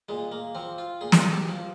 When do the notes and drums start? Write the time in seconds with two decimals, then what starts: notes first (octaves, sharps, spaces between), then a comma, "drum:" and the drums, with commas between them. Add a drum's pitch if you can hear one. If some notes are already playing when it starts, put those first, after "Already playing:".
0.09 A#2 G#3
0.32 A#3
0.55 F3 C4
0.78 F4
1.01 A#2 G#4
1.12 drum: snare
1.32 G4
1.48 F3